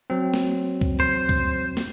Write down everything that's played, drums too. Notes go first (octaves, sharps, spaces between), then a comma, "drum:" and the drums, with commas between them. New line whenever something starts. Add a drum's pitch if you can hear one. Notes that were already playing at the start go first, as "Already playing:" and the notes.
F#3 C4
drum: snare
drum: kick C#2
C5
drum: kick C#2
drum: snare